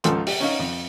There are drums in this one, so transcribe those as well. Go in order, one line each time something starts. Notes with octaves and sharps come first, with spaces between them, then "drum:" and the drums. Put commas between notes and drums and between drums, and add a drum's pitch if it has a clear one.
C#2 G#2 F3 A4 F#5 C6, drum: hi-hat
G4, drum: open hi-hat
C#4 D#4 F5
F2